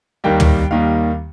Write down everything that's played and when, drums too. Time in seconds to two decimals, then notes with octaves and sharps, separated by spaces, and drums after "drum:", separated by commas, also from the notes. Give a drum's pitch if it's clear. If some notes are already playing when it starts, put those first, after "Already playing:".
0.24 D#2 D#3 G3 A#3 G5
0.40 drum: tom
0.71 D#2 D#3 G3 A#3 F5